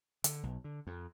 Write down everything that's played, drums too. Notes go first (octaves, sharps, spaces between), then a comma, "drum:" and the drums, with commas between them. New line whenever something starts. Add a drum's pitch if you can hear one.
D3, drum: hi-hat
B1
D3
F2